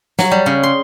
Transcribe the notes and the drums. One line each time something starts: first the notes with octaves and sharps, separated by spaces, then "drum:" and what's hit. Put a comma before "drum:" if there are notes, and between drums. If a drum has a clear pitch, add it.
F#3, drum: snare
G3
C#3
C6